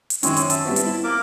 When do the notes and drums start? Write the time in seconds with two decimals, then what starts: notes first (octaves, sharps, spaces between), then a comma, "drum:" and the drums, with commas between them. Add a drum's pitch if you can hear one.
0.10 drum: hi-hat
0.23 F#2 D#3 G#3 C4 C#5, drum: hi-hat
0.37 drum: hi-hat
0.50 E5 A5, drum: hi-hat
0.65 G3 B3 C4
0.76 drum: hi-hat
0.85 E4
1.04 A#3 A#4 D6